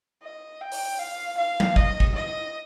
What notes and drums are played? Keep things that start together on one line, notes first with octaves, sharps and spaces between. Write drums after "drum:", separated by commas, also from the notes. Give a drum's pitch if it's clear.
D#5
G5
drum: open hi-hat
F5
F5
drum: tom F#3
D#5, drum: kick
drum: kick
D#5